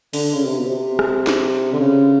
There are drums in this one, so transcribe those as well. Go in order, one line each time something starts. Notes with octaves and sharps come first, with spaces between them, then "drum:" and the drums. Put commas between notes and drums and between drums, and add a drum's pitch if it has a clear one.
D3, drum: open hi-hat
C#3
C3
B2
C3
drum: rim click
drum: snare
D3
C#3